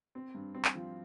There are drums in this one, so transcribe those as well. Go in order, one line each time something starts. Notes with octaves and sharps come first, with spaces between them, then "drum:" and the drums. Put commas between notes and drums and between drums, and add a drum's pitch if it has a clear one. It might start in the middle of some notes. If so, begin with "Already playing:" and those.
C4
G2
C4
drum: clap
F3